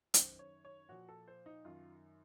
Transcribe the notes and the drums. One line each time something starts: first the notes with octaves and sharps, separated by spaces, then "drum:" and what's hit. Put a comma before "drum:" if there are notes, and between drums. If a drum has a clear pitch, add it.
F#2 D#3 C5, drum: hi-hat
C#5
C#5
A#2 F3 F#4
A4
C5
D#4
F#2 D#3 F4